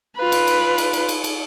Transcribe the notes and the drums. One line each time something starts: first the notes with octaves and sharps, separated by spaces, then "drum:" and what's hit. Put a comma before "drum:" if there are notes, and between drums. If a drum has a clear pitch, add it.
F4 B4
drum: cymbal
drum: cymbal
drum: cymbal
drum: cymbal
drum: cymbal
drum: cymbal